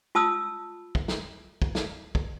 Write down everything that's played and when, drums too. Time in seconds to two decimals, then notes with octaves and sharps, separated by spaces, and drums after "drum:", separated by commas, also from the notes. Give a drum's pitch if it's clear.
0.15 F4 A5 D#6 E6
0.95 drum: kick
1.08 drum: snare
1.62 drum: kick
1.75 drum: snare
2.15 drum: kick